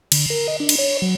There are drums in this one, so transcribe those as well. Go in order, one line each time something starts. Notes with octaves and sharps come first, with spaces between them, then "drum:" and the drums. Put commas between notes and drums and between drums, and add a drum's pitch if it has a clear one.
D3, drum: cymbal
A#4
D#5
D4
drum: cymbal
C#5
F#3